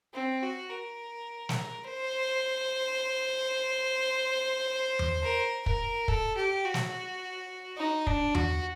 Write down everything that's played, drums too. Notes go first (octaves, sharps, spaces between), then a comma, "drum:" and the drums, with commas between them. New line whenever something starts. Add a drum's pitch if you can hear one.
C4
F#4
A#4
drum: snare
C5
drum: tom E2
A#4
A#4, drum: kick
A4, drum: kick
G4
F#4
drum: snare
D#4
D4, drum: kick
F#4, drum: tom E2